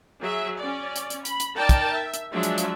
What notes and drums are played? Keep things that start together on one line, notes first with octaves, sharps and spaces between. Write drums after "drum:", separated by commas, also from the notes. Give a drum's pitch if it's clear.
F#3 G#4 E5
C#4 D5
drum: hi-hat
drum: hi-hat
B5, drum: hi-hat
drum: hi-hat
D#4 A#4 D5 G5 A5
drum: kick, hi-hat
E5
drum: hi-hat
F3 F#3 G#3 D4 E5
drum: hi-hat
drum: hi-hat